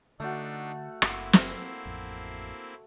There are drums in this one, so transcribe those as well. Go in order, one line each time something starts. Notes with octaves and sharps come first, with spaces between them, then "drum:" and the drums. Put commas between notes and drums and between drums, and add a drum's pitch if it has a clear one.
D3 A3 D4 D#4 F#4
F#1 A#3 C4 E4, drum: rim click
drum: snare
A1 F2